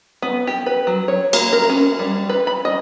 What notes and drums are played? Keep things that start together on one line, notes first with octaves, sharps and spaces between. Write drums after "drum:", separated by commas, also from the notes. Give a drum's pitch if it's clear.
B3
G4
B4
F#3
C#5
A#3, drum: cymbal
A#4
C#4
G3
B4
B5
D#5